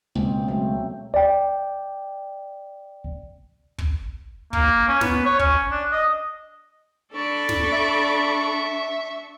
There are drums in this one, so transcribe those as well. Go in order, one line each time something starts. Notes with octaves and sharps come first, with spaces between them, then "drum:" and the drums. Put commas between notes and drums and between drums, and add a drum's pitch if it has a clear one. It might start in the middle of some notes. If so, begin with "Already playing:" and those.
C#2 B2 A#3 C4
F#3 A3 C4
D5 G5
drum: kick
A#3, drum: kick
C#4
B3, drum: snare
C#5
C#4, drum: kick
D4
D#5
D4 A4 D5 B5 C#6
drum: snare
E5